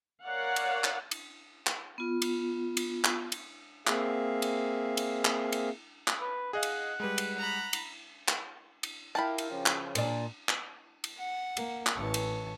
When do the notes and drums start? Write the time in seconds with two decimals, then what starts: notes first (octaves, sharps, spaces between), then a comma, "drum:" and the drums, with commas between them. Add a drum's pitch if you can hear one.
0.25 A#4 C#5 D5 F5 F#5
0.56 drum: cymbal
0.84 drum: clap
1.11 drum: cymbal
1.67 drum: clap
1.98 B3 F4
2.22 drum: cymbal
2.77 drum: cymbal
3.04 drum: clap
3.32 drum: cymbal
3.87 A#3 C4 G#4 E5 F5, drum: clap
4.42 drum: cymbal
4.97 drum: cymbal
5.25 drum: clap
5.52 drum: cymbal
6.08 drum: clap
6.20 B4
6.53 G#4 D#5 F5 F#5
6.63 drum: cymbal
7.00 G3 G#3 B4
7.18 drum: cymbal
7.38 A#5 B5
7.73 drum: cymbal
8.28 drum: clap
8.83 drum: cymbal
9.15 E4 F4 G4 A#4 A5 B5
9.38 drum: cymbal
9.50 C#3 F3 C#4
9.66 drum: clap
9.95 A#2 D4, drum: cymbal
10.49 drum: clap
11.04 drum: cymbal
11.17 F#5
11.57 A#3, drum: cymbal
11.86 drum: clap
11.96 A1 E3 C#5 A5
12.14 drum: cymbal